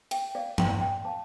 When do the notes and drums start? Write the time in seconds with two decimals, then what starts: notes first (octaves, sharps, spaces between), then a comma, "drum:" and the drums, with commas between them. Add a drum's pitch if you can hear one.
0.11 E5 G5, drum: cymbal
0.35 D5 F5
0.58 E5 G5, drum: tom G2
0.81 E5 G5
1.05 F5 A5